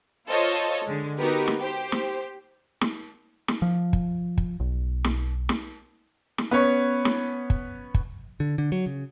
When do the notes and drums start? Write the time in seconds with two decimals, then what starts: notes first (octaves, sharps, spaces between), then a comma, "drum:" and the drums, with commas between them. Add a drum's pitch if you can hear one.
0.28 F4 A4 C5 C#5 D#5
0.85 D3 G#3
1.19 B3 D#4 F#4 G4 A#4 B4
1.48 drum: snare
1.59 G4 C5
1.92 drum: snare
2.81 drum: snare
3.48 drum: snare
3.62 F3
3.93 drum: kick
4.38 drum: kick
4.60 B1
5.04 drum: snare
5.49 drum: snare
6.38 drum: snare
6.51 B3 C#4 C#5
7.05 drum: snare
7.50 drum: kick
7.94 drum: kick
8.40 D3
8.58 D3
8.72 F#3
8.86 C#3